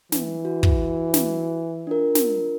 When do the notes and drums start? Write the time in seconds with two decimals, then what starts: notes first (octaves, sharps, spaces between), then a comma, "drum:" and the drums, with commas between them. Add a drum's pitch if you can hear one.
0.12 E3, drum: snare
0.45 F#4
0.63 drum: kick
1.14 drum: snare
1.87 D4 F4 A#4
2.15 drum: snare